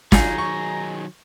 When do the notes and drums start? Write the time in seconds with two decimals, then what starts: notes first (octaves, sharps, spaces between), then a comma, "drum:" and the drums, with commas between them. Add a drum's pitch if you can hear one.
0.12 D#3 F#3 D#4 F4 G#4 A#5, drum: snare
0.38 C#6